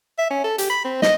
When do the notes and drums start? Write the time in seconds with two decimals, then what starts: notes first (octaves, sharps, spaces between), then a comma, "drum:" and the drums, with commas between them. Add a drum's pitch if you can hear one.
0.18 E5
0.30 C#4
0.44 A4
0.58 G4, drum: hi-hat
0.70 B5
0.84 C4
1.02 D#5, drum: snare